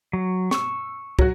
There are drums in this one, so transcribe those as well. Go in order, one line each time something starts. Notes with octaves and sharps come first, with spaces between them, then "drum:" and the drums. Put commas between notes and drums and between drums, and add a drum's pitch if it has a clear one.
F#3
C#6 E6, drum: snare
F#3 F#4, drum: kick